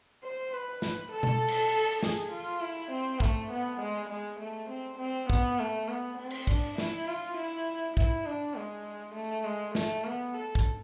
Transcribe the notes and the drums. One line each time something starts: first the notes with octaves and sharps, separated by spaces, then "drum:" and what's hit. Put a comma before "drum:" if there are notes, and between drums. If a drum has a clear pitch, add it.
C5
B4
drum: snare
A4
drum: tom B2
drum: cymbal
G#4, drum: snare
F4
E4
C4
A3, drum: kick
B3
G#3
G#3
A3
C4
C4
B3, drum: kick
A3
B3
C4
drum: cymbal
D4, drum: kick
E4, drum: snare
F4
E4
E4, drum: kick
D4
G#3
A3
G#3
A3, drum: snare
B3
A4
drum: kick